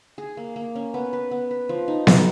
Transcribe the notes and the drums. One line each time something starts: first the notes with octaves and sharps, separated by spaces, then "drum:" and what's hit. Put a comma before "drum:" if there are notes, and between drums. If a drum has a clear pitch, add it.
G#4
A#3
A#3
C#4
B3
B4
B3
B4
F3
D#4
B3, drum: snare B3